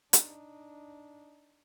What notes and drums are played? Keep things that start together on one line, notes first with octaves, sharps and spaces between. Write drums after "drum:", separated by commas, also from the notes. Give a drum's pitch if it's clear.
D4 D#4, drum: hi-hat